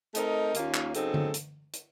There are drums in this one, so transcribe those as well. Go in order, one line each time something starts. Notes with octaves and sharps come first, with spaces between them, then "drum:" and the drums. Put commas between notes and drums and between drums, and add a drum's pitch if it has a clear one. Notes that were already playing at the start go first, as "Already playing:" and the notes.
A3 C4 D#4 A#4 D#5, drum: hi-hat
D#2 D#3 A#3 C#4 F4, drum: hi-hat
drum: clap
C#3 F#3 C4 D#4 A4, drum: hi-hat
drum: tom D3
drum: hi-hat
drum: hi-hat